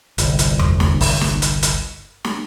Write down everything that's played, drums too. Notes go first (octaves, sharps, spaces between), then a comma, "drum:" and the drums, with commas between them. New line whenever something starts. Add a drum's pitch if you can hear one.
G1 C2, drum: hi-hat
drum: hi-hat
drum: tom E2
drum: snare
drum: kick, open hi-hat
drum: snare
drum: hi-hat
drum: hi-hat
drum: snare